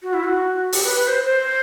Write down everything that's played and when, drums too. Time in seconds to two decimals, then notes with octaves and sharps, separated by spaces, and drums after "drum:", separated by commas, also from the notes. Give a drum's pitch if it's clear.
0.03 F#4
0.14 E4
0.24 F#4
0.72 G4, drum: open hi-hat
0.84 B4
0.96 B4
1.08 C5
1.25 C5